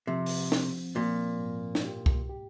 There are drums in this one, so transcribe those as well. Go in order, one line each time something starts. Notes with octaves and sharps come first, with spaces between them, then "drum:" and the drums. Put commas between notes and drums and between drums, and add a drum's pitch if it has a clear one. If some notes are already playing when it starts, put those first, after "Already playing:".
C3 F3
drum: open hi-hat
C4, drum: snare
A#2 F3
G#2
drum: snare
G4
drum: kick
G4